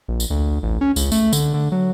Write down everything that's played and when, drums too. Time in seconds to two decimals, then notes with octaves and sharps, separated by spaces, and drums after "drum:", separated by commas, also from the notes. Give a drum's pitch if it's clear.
0.08 A#1
0.20 drum: tambourine
0.30 D2
0.63 A1
0.81 C#4
0.96 C#2, drum: tambourine
1.12 A3, drum: tambourine
1.33 D3, drum: tambourine
1.54 D3
1.72 F#3